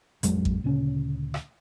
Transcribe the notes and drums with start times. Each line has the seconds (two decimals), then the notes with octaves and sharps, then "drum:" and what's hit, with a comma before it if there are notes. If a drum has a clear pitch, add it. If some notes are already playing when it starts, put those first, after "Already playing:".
0.23 A1 F2 F#3 G#3, drum: hi-hat
0.45 drum: kick A1
0.64 D2 A#2 C#3 C#4
1.34 drum: rim click